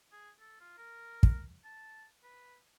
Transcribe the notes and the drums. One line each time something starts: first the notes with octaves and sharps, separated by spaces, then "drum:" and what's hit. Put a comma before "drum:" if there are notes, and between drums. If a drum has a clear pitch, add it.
G#4
A4
F4
A#4
drum: kick
A5
B4